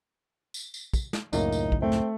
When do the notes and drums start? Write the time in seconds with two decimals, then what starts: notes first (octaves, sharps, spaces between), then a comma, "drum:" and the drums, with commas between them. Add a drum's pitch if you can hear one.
0.54 drum: tambourine
0.74 drum: tambourine
0.93 drum: kick, tambourine
1.13 drum: snare
1.33 C#2 F#2 A2 A#3 D#4, drum: tambourine
1.52 drum: tambourine
1.72 drum: kick
1.82 A3 C4
1.92 drum: snare